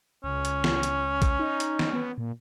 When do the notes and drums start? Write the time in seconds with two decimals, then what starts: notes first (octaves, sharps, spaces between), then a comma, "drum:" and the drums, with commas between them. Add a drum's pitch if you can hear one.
0.24 C#2 C#4
0.45 drum: hi-hat
0.64 drum: snare
0.83 drum: hi-hat
1.22 drum: kick, hi-hat
1.40 D#4
1.60 drum: hi-hat
1.79 drum: snare
1.93 B3
2.18 A#2